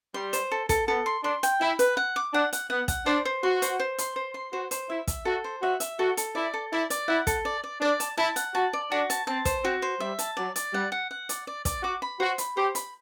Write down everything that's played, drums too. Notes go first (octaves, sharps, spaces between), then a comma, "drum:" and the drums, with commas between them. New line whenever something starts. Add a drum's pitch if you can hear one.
G3 C6
C5, drum: hi-hat
A4
A4, drum: kick, hi-hat
B3 A4
C6
D4 C6
G5, drum: hi-hat
E4 B5
B4, drum: hi-hat
F#5
D6
D4 F#5
F#5, drum: hi-hat
B3 F#5
F#5, drum: kick, hi-hat
D4 C5
C5
F#4 C6
C5, drum: hi-hat
C5
C6, drum: hi-hat
C5
C6
F#4 C5
C5, drum: hi-hat
E4 E5
E5, drum: kick, hi-hat
F#4 A4
C5
F#4 E5
E5, drum: hi-hat
F#4 A4
A4, drum: hi-hat
E4 D5
A4
E4 D5
D5, drum: hi-hat
E4 F#5
A4, drum: kick, hi-hat
D5
D5
D4 D5
A5, drum: hi-hat
E4 A5
F#5, drum: hi-hat
F#4 A5
D5
D4 F#4
A5, drum: hi-hat
C4 A5
C5, drum: kick, hi-hat
C4 F#4
C5
G3 E5
A5, drum: hi-hat
F#3 D5
D5, drum: hi-hat
G3 F#5
F#5
F#5
D5, drum: hi-hat
D5
D5, drum: kick, hi-hat
F#4 D6
B5
F#4 C5
B5, drum: hi-hat
G4 C5
B5, drum: hi-hat